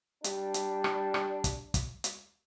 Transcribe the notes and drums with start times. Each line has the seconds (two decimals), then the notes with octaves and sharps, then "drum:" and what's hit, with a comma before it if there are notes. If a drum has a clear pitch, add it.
0.24 G3 D4, drum: hi-hat
0.54 drum: hi-hat
0.84 drum: rim click
1.14 drum: rim click
1.44 drum: kick, hi-hat
1.74 drum: kick, hi-hat
2.04 drum: hi-hat